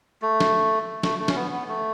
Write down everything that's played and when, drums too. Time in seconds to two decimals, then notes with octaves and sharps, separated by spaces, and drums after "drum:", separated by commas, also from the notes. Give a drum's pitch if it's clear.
0.22 A3
0.40 drum: snare
1.03 A3, drum: snare
1.20 A3
1.28 C#4, drum: snare
1.35 B3
1.52 B3
1.68 A3